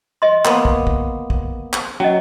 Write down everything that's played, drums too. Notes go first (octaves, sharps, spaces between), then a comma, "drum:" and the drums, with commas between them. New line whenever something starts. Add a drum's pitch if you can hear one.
D#5 C6
A#3 B3 C6, drum: clap
drum: kick
drum: kick
drum: kick
drum: clap
F#3 C#4 D#5